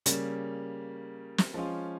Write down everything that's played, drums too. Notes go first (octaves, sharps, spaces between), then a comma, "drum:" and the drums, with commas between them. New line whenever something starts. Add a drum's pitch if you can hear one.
C#3 G3 A#3, drum: hi-hat
drum: snare
F3 G#3 C#4 F4